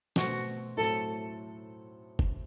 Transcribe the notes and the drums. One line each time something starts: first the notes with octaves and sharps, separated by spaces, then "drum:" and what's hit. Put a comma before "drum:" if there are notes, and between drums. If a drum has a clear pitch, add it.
B2 A3 C4 F#4, drum: snare
A2 F#3 A3 C4 A4
drum: kick